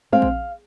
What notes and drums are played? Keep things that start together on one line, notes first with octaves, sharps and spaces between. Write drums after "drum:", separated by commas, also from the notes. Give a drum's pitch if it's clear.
G#3 C4 F5
drum: kick A#1